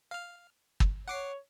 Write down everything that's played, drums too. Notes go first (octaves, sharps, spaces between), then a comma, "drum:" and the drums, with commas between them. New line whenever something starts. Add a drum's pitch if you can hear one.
F5 F6
drum: kick
C#5 F#5 D6 C7